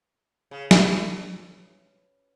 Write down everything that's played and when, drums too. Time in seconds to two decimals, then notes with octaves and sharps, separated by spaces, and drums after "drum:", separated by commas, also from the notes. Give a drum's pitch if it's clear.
0.51 C#3
0.71 B2, drum: snare